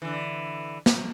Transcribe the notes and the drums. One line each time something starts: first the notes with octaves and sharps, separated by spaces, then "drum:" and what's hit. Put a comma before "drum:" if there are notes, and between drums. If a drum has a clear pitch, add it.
D3 E3
drum: snare